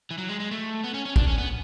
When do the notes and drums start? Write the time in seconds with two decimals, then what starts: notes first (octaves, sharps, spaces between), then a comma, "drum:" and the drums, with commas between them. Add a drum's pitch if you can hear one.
0.11 E3
0.18 F#3
0.28 G#3
0.40 G#3
0.51 A3
0.84 B3
0.94 C#4
1.05 C#4
1.16 D4, drum: kick
1.27 C#4
1.38 B3